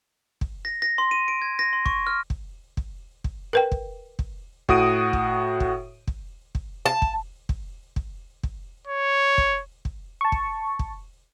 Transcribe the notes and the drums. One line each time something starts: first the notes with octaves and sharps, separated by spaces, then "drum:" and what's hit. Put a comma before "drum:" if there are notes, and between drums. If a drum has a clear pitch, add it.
drum: kick
A#6
A#6
C6
D#7
D7
G#6
A#6
C6
C#6, drum: kick
F6
drum: kick
drum: kick
drum: kick
A#4 B4 G5
drum: kick
drum: kick
A2 F#4 D#6 D7 D#7, drum: kick
drum: kick
drum: kick
drum: kick
drum: kick
A5
drum: kick
drum: kick
drum: kick
drum: kick
C#5
drum: kick
drum: kick
A5 C#6
drum: kick
drum: kick